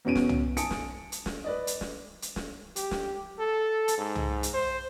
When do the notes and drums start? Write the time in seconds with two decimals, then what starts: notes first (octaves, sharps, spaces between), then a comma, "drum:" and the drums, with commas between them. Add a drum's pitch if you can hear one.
0.05 E2 B2 C#4 D7 D#7
0.15 drum: snare
0.29 drum: tom
0.57 G#5 A5 D#6 C#7 D7, drum: hi-hat
0.71 drum: snare
1.12 drum: hi-hat
1.26 drum: snare
1.44 B4 D5 D#5
1.67 drum: hi-hat
1.81 drum: snare
2.22 drum: hi-hat
2.36 drum: snare
2.76 G4, drum: hi-hat
2.91 drum: snare
3.39 A4
3.88 drum: hi-hat
3.98 G#2
4.15 drum: tom
4.43 drum: hi-hat
4.54 C5